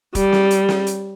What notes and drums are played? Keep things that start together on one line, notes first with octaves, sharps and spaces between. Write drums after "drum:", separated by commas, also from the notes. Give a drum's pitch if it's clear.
G3, drum: kick, hi-hat
drum: snare
drum: hi-hat
drum: snare
drum: hi-hat